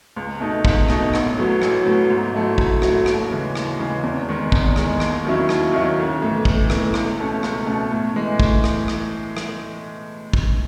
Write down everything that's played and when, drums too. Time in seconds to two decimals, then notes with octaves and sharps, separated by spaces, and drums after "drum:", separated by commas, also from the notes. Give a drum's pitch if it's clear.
0.16 C#2
0.40 B2 A3 D#4
0.65 C#2, drum: kick
0.89 B2 A3 D#4, drum: rim click
1.14 A1, drum: rim click
1.37 A2 F#3 B3
1.62 A1, drum: rim click
1.86 A2 F#3 B3
2.10 G#2
2.34 F#3 A3 E4
2.58 G#2, drum: kick
2.82 F#3 A3 E4, drum: rim click
3.06 D#2, drum: rim click
3.31 C#3 E3 G#3
3.55 D#2, drum: rim click
3.79 C#3 E3 G#3
4.03 E2
4.28 D#3 G#3
4.52 E2, drum: kick
4.76 D#3 G#3, drum: rim click
5.00 D#2, drum: rim click
5.24 D#3 F#3 C#4 E4
5.49 D#2, drum: rim click
5.73 D#3 F#3 C#4 E4
5.98 B1
6.22 A2 E3
6.45 B1, drum: kick
6.70 A2 E3, drum: rim click
6.94 C#2, drum: rim click
7.18 B2 A3 C#4
7.43 C#2, drum: rim click
7.67 B2 A3 C#4
7.91 A2
8.16 E3 G#3
8.40 A2, drum: kick
8.64 drum: rim click
8.88 drum: rim click
9.37 drum: rim click
10.33 drum: kick